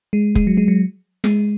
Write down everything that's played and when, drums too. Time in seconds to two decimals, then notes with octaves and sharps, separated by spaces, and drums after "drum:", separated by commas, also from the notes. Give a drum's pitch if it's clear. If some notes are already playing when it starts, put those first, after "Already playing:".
0.13 G#3
0.35 G#3, drum: kick
0.47 F#3
0.57 G#3
0.68 F#3
1.24 G#3, drum: snare